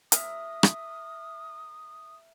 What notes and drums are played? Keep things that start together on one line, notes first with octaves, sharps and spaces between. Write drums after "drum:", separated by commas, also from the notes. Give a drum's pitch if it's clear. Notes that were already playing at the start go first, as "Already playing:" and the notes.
A#4 E5 D#6, drum: hi-hat
drum: rim click